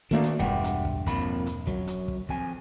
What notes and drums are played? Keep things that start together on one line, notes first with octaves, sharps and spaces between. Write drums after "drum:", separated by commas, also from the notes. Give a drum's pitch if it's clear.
D#3 A3 A#3 D4 F#4 D5
drum: hi-hat
E1 G2 G4 E5 F#5
drum: hi-hat
drum: kick
F2 A#3 B5, drum: kick, hi-hat
drum: hi-hat
F#2 F#3, drum: kick
drum: hi-hat
drum: kick
F2 G#5, drum: kick